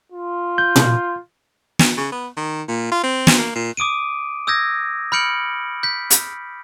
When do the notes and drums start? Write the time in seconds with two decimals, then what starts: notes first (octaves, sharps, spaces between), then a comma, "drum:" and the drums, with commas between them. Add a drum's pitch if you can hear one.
0.12 F4
0.58 G6
0.76 drum: tom A#2
1.79 drum: snare
1.97 C#3
2.12 B3
2.37 D#3
2.68 A#2
2.92 F4
3.03 C4
3.27 drum: snare
3.38 A#3
3.55 A#2
3.77 D6 D#6 D7 D#7
4.47 D#6 E6 G6 G#6 A#6
5.12 B5 F6 G6 C#7 D7 F#7
5.83 G6 B6
6.10 drum: hi-hat